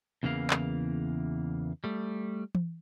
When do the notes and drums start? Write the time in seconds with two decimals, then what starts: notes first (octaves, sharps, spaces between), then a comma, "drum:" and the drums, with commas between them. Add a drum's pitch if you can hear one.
0.23 E2 C#3 E3 A#3 F5
0.50 drum: clap
1.84 G3 A3
2.55 drum: tom E3